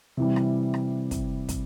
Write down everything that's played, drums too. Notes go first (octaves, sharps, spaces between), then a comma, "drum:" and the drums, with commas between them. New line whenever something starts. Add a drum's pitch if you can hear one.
C3 E3 G3
drum: rim click
drum: rim click
drum: kick, hi-hat
drum: kick, hi-hat